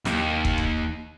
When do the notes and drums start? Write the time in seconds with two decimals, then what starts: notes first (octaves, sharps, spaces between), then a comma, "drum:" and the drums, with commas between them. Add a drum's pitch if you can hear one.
0.05 D#2, drum: snare
0.45 drum: kick
0.58 drum: kick